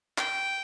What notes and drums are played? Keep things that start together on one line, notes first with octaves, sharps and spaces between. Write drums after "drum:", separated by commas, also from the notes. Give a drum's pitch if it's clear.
G5, drum: clap